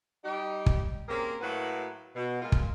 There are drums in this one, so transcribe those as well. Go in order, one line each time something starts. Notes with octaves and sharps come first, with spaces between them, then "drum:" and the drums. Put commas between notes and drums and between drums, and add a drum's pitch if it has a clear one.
G3 D#4 G4
drum: kick
A#3 C4 C#4 G4 G#4 A#4
A2 F#3 A#3 F#4 B4
B2
A#2 G#3 F4
drum: kick